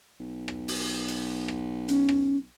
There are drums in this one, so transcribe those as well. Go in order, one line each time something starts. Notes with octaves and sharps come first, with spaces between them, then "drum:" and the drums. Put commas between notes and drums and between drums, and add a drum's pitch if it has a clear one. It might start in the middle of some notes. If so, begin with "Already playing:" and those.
B1
drum: rim click
drum: open hi-hat
drum: hi-hat
drum: rim click
C#4, drum: hi-hat
drum: rim click